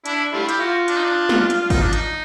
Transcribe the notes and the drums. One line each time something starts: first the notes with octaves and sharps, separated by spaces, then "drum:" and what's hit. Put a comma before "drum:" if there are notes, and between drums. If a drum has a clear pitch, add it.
D4 E4, drum: hi-hat
G3 A3 E4 F4
G4, drum: hi-hat
F4 F#4
D4, drum: hi-hat
D#4
D4
drum: snare
drum: hi-hat
D#4, drum: kick G#1, open hi-hat
D4
D#4, drum: hi-hat